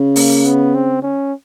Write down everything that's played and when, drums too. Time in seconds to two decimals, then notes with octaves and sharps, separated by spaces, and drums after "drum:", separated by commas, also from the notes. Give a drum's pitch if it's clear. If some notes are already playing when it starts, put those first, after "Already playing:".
Already playing: C#3
0.16 A#3, drum: open hi-hat
0.45 B3
0.74 C4
1.02 C#4